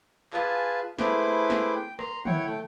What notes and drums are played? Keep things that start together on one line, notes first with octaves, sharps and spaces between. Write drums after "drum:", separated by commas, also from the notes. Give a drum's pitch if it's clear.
F4 G#4 B4 G#5 A5, drum: clap
A3 E4 G#4 B4 C5 D6, drum: snare
drum: snare
G5
A#5 C6, drum: rim click
E4 C#5 F#5 G5, drum: tom
A3 G5